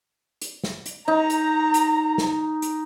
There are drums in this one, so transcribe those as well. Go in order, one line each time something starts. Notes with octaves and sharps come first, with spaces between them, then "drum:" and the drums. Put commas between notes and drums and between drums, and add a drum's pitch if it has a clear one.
drum: hi-hat
drum: snare
drum: hi-hat
D#4 A#5
drum: hi-hat
drum: hi-hat
drum: snare
drum: hi-hat